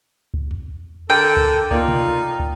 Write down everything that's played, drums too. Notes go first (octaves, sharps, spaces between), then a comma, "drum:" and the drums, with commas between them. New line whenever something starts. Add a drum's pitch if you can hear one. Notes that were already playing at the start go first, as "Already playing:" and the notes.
drum: kick
drum: tom E2
D3 A4 A#4 G5
drum: kick
A#3 D#4 F4 D5, drum: kick
drum: tom B2
drum: kick